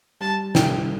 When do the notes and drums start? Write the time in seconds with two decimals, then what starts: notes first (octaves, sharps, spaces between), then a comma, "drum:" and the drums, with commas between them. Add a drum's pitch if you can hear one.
0.21 G3 A5
0.55 C2 G5, drum: snare